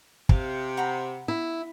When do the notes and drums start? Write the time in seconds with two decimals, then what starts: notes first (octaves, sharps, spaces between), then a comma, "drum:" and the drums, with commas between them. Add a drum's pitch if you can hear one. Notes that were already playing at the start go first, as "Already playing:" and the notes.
0.29 C3 F5, drum: kick
0.77 F#5 A#5 B5
1.28 E4